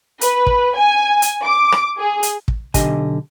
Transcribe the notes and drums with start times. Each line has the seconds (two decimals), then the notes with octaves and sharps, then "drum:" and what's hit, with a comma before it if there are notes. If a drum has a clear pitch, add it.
0.21 B4, drum: hi-hat
0.46 drum: kick
0.77 G#5
1.22 drum: hi-hat
1.44 D6
1.72 drum: rim click
1.99 G#4
2.23 drum: hi-hat
2.48 drum: kick
2.74 B1 D3 G4 D#5 G#5, drum: kick, hi-hat